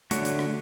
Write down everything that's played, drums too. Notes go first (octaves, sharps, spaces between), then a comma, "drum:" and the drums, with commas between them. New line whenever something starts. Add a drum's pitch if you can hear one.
D3 A3 D4 F#4 C#5, drum: hi-hat
drum: hi-hat
drum: rim click